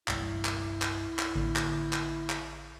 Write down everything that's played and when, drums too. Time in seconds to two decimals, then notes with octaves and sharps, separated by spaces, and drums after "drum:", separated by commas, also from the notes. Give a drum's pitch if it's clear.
0.08 G1 C2 G2 E4, drum: clap
0.45 drum: clap
0.82 drum: clap
1.19 drum: clap
1.35 A1 D3 A#3
1.56 drum: clap
1.93 drum: clap
2.30 drum: clap